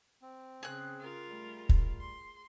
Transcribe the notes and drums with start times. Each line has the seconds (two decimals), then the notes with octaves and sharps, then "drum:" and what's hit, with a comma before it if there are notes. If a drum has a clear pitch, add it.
0.22 C4
0.63 C#3 G#4 F#6
0.99 F4 A#4
1.29 G3 A3
1.69 drum: kick
2.00 C6